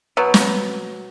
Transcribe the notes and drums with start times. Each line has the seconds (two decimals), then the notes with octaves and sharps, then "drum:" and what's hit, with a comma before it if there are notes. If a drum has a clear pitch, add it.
0.17 B2 F#3
0.34 drum: snare